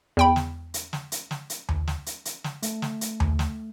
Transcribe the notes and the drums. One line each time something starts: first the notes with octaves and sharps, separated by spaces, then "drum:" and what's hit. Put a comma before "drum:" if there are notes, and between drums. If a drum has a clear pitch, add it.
E2 G5 B5
drum: snare
drum: hi-hat
drum: snare
drum: hi-hat
drum: snare
drum: hi-hat
drum: tom D#2
drum: snare
drum: hi-hat
drum: hi-hat
drum: snare
A3, drum: hi-hat
drum: snare
drum: hi-hat
drum: tom D#2
drum: snare